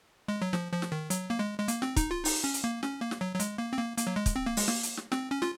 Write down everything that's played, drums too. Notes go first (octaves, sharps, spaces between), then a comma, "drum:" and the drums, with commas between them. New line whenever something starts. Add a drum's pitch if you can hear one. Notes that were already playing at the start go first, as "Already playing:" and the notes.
G#3
F#3
F3, drum: snare
F3
drum: snare
D#3
F#3, drum: hi-hat
A#3
G#3
G#3
A#3, drum: hi-hat
C4, drum: snare
D#4, drum: kick, hi-hat
F4
D#4, drum: open hi-hat
C#4
drum: hi-hat
A#3
C#4, drum: snare
A#3
drum: snare
F#3
F#3
G#3, drum: hi-hat
A#3
C4
A#3
A#3, drum: hi-hat
F#3
G#3
drum: kick, hi-hat
C4
A#3
G#3, drum: open hi-hat
A#3, drum: snare
drum: hi-hat
drum: snare
C4, drum: snare
C#4
F4, drum: snare